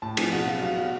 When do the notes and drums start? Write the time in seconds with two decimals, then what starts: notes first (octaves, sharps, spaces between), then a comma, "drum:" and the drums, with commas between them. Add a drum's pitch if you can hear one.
0.02 A2 A5
0.17 F3 G#5, drum: cymbal
0.32 B2 F#5
0.47 F#3 F5
0.62 B2 F5
0.76 F#3 F#5